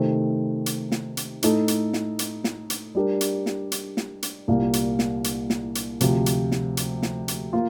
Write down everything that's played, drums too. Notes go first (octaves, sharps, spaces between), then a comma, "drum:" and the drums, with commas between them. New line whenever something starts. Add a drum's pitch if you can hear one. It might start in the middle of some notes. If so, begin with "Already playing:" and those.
Already playing: C3 D#3 A3 C4
drum: hi-hat
drum: snare
drum: hi-hat
A2 A3 D#4 A4, drum: hi-hat
drum: hi-hat
drum: snare
drum: hi-hat
drum: snare
drum: hi-hat
G3 D4 G4 A#4
drum: hi-hat
drum: snare
drum: hi-hat
drum: snare
drum: hi-hat
C2 A#2 G3 A#3
drum: hi-hat
drum: snare
drum: hi-hat
drum: snare
drum: hi-hat
D2 C3 F3, drum: hi-hat
drum: hi-hat
drum: snare
drum: hi-hat
drum: snare
drum: hi-hat
A#3 F4